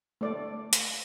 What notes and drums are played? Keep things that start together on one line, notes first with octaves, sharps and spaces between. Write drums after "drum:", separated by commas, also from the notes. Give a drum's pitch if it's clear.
A3 D5
drum: hi-hat